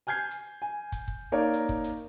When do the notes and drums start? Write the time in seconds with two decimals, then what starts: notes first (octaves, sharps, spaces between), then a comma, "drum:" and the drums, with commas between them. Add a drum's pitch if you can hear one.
0.07 G#5 F6 G6 G#6 C7
0.31 drum: hi-hat
0.62 G#5
0.92 drum: kick, hi-hat
1.08 drum: kick
1.32 A#3 D#4 A#4 C#5 D5 F5
1.54 drum: hi-hat
1.69 drum: kick
1.84 drum: hi-hat